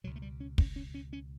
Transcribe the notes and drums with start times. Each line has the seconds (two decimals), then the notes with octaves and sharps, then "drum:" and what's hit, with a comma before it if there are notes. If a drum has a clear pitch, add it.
0.04 C#2 B2 F#3
0.16 A3
0.22 G3
0.40 C#4
0.58 C#4, drum: kick
0.76 C#4
0.94 C#4
1.13 C#4